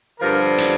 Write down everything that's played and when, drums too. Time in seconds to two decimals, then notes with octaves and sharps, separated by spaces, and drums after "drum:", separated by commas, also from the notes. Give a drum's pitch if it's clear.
0.19 G2 D3 F3 A#4
0.58 drum: hi-hat